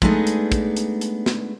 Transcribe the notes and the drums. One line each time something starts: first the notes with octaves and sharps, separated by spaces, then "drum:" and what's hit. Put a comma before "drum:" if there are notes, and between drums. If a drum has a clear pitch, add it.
G#3 A3 B3 D4 D#4 G#4, drum: kick
drum: hi-hat
drum: kick, hi-hat
drum: hi-hat
drum: hi-hat
drum: snare